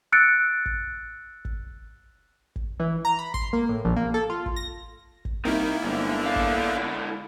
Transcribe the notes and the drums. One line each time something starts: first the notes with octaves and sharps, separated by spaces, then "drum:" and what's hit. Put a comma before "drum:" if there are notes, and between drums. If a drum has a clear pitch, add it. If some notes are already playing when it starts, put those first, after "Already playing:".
E6 F#6 A6 C#7 D7
drum: kick
drum: kick
drum: kick
E3
A#5
B5
C6, drum: kick
A#3
A2
A#1
A#3
A4
F4
drum: kick
A#6
drum: kick
C2 D#3 A#3 D#4 E4
G1 G#2 D3
C#3 F5
drum: kick
G#3 E4